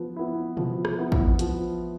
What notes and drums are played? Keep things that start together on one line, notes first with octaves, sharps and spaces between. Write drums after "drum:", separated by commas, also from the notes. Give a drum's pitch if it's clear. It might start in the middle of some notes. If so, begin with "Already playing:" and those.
Already playing: F3 B3
B3 E4
F3, drum: tom B2
drum: rim click
B3 E4
drum: kick
F3, drum: hi-hat